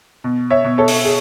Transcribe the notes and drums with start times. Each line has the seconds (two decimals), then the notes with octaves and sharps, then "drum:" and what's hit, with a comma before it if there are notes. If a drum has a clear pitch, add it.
0.24 B2
0.50 C#5 E5
0.64 B2
0.78 A4 C#5
0.88 drum: open hi-hat
1.04 G#4